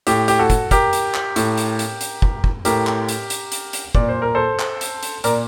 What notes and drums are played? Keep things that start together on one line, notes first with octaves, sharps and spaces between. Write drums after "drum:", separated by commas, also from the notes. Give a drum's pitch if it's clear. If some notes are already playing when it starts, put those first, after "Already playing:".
A2 G4, drum: hi-hat
G4, drum: hi-hat
F#4 A4
drum: kick, hi-hat
G4 A#4, drum: kick, hi-hat
drum: hi-hat
drum: clap
A2, drum: hi-hat
drum: hi-hat
drum: hi-hat
drum: hi-hat
drum: kick
drum: kick
A2 G4 A#4, drum: hi-hat
drum: clap
drum: hi-hat
drum: hi-hat
drum: hi-hat
drum: hi-hat
A#2 D5, drum: kick
C5
A#4
A4 C5
drum: clap
drum: hi-hat
drum: hi-hat
A#2 A#4 D5, drum: hi-hat